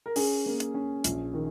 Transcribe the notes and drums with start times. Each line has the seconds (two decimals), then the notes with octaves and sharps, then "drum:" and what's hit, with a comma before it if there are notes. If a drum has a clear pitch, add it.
0.06 A#4
0.16 C#4 G#4, drum: open hi-hat
0.46 A#3
0.60 drum: hi-hat
0.74 C#4
1.04 A#1, drum: hi-hat
1.34 D#3